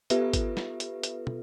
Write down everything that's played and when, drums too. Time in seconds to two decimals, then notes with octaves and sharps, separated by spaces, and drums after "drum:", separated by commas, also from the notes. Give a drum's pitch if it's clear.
0.10 B3 F4 G4 A4 B4 E5, drum: hi-hat
0.33 drum: kick G#1, hi-hat
0.57 drum: snare
0.80 drum: hi-hat
1.03 drum: hi-hat
1.27 drum: tom